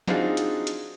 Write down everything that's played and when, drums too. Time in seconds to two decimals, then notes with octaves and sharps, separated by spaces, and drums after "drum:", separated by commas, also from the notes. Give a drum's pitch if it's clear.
0.08 C4 D4 D#4 F4 F#4 G#4, drum: snare
0.37 drum: hi-hat
0.67 drum: hi-hat